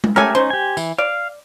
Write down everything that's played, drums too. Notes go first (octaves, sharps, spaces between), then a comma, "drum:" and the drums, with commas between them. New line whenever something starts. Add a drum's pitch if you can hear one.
drum: tom G#3
A3 C#4 G4 A4 A#4 G#5
C#4 D#4 C5
G4 G#5
E3, drum: tambourine
D5 F5